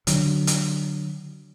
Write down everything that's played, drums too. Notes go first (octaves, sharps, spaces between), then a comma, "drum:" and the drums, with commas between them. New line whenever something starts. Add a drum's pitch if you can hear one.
D3 F#3, drum: hi-hat
drum: hi-hat